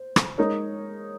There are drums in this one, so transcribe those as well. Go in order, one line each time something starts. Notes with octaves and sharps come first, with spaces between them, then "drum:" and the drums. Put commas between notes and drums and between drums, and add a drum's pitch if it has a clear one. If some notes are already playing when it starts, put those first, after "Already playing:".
Already playing: C5
drum: rim click
G#3 D#4 A#4 C#5